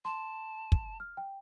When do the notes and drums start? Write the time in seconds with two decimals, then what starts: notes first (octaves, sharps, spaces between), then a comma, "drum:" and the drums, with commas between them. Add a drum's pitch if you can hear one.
0.05 A5 C6
0.72 drum: kick
1.00 F6
1.17 G5